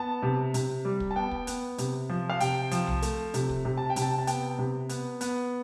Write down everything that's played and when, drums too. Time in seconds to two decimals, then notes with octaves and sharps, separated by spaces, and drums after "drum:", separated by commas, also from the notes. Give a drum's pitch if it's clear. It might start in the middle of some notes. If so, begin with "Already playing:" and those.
Already playing: B3 A5
0.22 C3
0.54 C3, drum: hi-hat
0.85 G3
1.00 drum: kick
1.11 A5
1.16 B3 G5
1.31 drum: kick
1.47 B3, drum: hi-hat
1.78 C3, drum: hi-hat
2.09 F3
2.29 F5
2.40 C3 G5, drum: hi-hat
2.71 F3, drum: hi-hat
2.87 drum: tom B1
3.02 A3, drum: hi-hat
3.34 C3, drum: hi-hat
3.49 drum: kick
3.65 C3
3.77 A5
3.90 G5
3.96 C3, drum: hi-hat
4.02 A5
4.18 A5
4.27 B3 G5, drum: hi-hat
4.58 C3
4.89 B3, drum: hi-hat
5.21 B3, drum: hi-hat